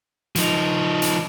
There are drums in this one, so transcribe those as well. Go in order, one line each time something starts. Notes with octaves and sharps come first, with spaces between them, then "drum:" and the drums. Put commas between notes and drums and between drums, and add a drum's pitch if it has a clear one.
F3 D#4, drum: hi-hat
drum: hi-hat